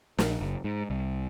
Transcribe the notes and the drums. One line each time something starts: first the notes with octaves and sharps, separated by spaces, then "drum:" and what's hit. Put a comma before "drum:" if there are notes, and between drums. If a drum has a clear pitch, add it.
A#1, drum: snare
F#1
G#2
C2